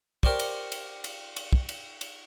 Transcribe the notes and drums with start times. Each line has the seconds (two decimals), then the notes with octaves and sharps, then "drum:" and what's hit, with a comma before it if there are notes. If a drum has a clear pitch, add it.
0.23 G4 A#4 C5 D5 C#6, drum: kick
0.39 drum: cymbal
0.72 drum: cymbal
1.04 drum: cymbal
1.36 drum: cymbal
1.53 drum: kick
1.69 drum: cymbal
2.01 drum: cymbal